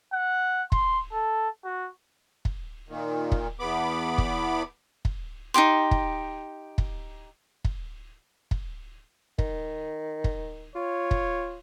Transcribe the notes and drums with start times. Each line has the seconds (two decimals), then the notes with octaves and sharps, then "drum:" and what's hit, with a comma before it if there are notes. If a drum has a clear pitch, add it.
0.13 F#5
0.72 C6, drum: kick
1.12 A4
1.65 F#4
2.45 drum: kick
2.89 A#2 D#3
3.32 drum: kick
3.59 E2 B3 B5 D6
4.18 drum: kick
5.05 drum: kick
5.54 D#4 F4 G4 C6
5.91 drum: kick
6.78 drum: kick
7.65 drum: kick
8.51 drum: kick
9.39 D#3, drum: kick
10.24 drum: kick
10.76 F4 C#5
11.11 drum: kick